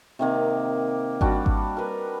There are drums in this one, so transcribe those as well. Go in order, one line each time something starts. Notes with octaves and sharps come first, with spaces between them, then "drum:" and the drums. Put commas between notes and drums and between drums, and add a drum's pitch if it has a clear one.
C3 D#3 A#3
G3 D4 F#4, drum: kick G#1
drum: kick G#1
A#4 B4